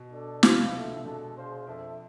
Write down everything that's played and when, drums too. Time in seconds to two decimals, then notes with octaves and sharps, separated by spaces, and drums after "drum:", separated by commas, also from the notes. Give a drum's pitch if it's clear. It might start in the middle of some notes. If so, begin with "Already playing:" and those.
Already playing: B2
0.11 D4 A4 D5
0.43 C3 F4 B4 F5, drum: snare
0.53 B2
0.63 C3
0.74 F4 A4 E5
0.84 D3
0.94 C3
1.04 B2 G#3 D4 A4
1.36 D4 G#4 C5 F5
1.67 F2 D4 A4 E5